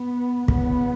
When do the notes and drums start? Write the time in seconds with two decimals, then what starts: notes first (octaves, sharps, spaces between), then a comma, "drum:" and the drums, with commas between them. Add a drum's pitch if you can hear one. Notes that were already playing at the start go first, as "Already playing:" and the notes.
Already playing: B3
0.48 E2 C#3 B3, drum: kick